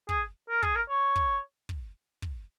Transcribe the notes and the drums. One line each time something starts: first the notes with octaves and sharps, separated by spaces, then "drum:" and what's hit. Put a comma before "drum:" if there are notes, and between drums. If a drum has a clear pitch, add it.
G#4, drum: kick
A#4
G#4, drum: kick
A#4
C#5
drum: kick
drum: kick
drum: kick